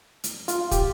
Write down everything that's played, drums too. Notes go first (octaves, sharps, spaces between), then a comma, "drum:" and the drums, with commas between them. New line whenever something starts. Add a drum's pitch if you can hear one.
drum: hi-hat
F4, drum: hi-hat
G4, drum: kick, hi-hat